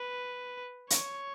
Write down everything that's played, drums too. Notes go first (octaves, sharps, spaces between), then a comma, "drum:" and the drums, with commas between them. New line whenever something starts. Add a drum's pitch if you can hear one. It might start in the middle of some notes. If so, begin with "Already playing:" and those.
Already playing: B4
C#5, drum: hi-hat